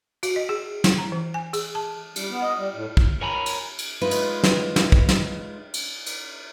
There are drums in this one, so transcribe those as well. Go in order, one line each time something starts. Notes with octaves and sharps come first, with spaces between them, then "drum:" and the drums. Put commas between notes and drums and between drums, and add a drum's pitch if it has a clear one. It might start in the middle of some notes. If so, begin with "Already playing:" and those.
F#4, drum: cymbal
D#5
G#4
E4, drum: snare
A#5
E3
G#5
G#4, drum: cymbal
A5
G3, drum: cymbal
B3
D#5
G3
A2
drum: kick
A#4 C#5 G#5 A#5 B5
drum: cymbal
drum: cymbal
G#3 D#4 F4 B4
drum: cymbal
drum: snare
drum: snare
drum: kick
drum: snare
drum: cymbal
drum: cymbal